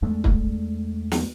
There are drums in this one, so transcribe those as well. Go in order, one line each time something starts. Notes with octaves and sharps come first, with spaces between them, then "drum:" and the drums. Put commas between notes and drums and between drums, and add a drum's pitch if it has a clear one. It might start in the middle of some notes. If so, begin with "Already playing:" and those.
E2 G#3 A3 D4
drum: kick
drum: snare